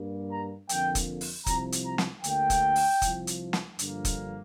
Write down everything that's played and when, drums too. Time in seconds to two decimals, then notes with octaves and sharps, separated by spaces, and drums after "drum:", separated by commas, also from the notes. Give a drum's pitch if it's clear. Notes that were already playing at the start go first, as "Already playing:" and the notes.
Already playing: G2 G3 A#3
0.30 A#5
0.69 F2 D3 F3 A#3 G5, drum: hi-hat
0.95 drum: kick, hi-hat
1.21 drum: open hi-hat
1.46 C2 C3 F3 A#5, drum: kick, hi-hat
1.72 drum: hi-hat
1.85 A#5
1.98 drum: snare
2.24 D2 D3 A#3 G5, drum: hi-hat
2.50 drum: kick, hi-hat
2.76 drum: open hi-hat
3.02 C2 C3 F3, drum: kick, hi-hat
3.27 drum: hi-hat
3.53 drum: snare
3.79 G2 D3 F3 A#3, drum: hi-hat
4.05 drum: kick, hi-hat